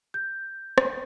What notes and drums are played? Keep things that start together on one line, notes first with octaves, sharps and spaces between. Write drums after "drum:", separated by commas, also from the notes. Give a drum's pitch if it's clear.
G6
drum: rim click